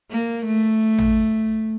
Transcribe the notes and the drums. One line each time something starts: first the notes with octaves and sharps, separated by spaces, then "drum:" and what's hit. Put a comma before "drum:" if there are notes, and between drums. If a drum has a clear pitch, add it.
A#3
A3
drum: tom